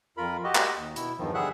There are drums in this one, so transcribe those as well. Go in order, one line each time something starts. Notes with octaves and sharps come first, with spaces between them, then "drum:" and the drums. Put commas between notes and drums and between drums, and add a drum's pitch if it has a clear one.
F2 F4 A#4 B5
F#4 G4 D#5
drum: clap
D#2
B2 E4, drum: hi-hat
E2 G2 D#3 F3
D3 G3 G#4 E5 F#5 F#6